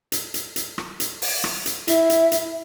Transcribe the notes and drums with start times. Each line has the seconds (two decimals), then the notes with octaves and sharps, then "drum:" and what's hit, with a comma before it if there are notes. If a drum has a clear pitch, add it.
0.12 drum: hi-hat
0.34 drum: hi-hat
0.56 drum: hi-hat
0.78 drum: rim click
1.00 drum: hi-hat
1.22 drum: open hi-hat
1.44 drum: rim click
1.66 drum: hi-hat
1.88 E4 E5, drum: hi-hat
2.10 drum: hi-hat
2.32 drum: hi-hat